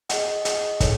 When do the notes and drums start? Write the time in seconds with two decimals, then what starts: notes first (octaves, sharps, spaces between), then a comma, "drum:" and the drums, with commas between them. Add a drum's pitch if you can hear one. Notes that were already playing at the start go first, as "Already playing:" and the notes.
0.09 G#4 D#5 F#5, drum: hi-hat
0.45 G#4 D#5 F#5, drum: hi-hat
0.80 D#4 A4 C#5, drum: kick, hi-hat